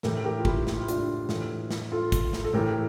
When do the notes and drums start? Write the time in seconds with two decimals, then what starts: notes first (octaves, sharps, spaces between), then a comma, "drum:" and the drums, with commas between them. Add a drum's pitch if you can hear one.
0.03 A2 E3 G4 A#4, drum: snare
0.25 G4 A#4
0.39 F4
0.45 E4 G4, drum: kick
0.67 G4, drum: snare
0.74 F4
0.80 E4
0.88 D4 F4, drum: hi-hat
1.29 A2 E3, drum: snare
1.71 drum: snare
1.92 F4 A4
2.12 drum: kick, hi-hat
2.33 drum: snare
2.44 A4
2.53 A2 E3 G4 A#4